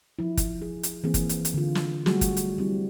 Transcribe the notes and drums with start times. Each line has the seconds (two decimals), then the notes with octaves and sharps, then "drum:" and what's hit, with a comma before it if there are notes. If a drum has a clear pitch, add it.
0.19 F3 E4
0.37 drum: kick, hi-hat
0.62 G#4
0.83 drum: hi-hat
1.04 E3 A#3 C4 G#4
1.14 drum: kick, hi-hat
1.29 drum: hi-hat
1.45 drum: hi-hat
1.54 D3 F4
1.75 drum: snare
2.06 F#3 G3 A3 F#4 G#4, drum: snare
2.21 drum: kick, hi-hat
2.37 drum: hi-hat
2.58 G3 C4 E4